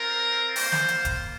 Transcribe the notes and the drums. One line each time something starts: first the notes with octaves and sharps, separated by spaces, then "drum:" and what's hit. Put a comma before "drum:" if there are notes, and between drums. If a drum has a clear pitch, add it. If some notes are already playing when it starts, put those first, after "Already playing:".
Already playing: C4 F4 A#4
A#3 F4 C5, drum: open hi-hat
drum: snare
drum: hi-hat
drum: kick, hi-hat